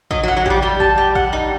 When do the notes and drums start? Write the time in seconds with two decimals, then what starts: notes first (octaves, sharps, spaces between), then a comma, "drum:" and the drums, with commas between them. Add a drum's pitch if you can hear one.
0.11 F#3 D#5, drum: kick A1
0.23 F#3
0.28 F#5
0.37 F#3
0.46 G3 G4, drum: kick A1
0.62 G3 G4
0.80 A5, drum: kick A1
0.98 G4
1.15 F#5, drum: kick A1
1.33 D#4